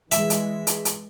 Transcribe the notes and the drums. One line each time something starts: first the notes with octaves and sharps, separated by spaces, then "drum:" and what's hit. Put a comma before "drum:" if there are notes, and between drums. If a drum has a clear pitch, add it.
E3 G#3 E5, drum: hi-hat
drum: hi-hat
drum: hi-hat
drum: hi-hat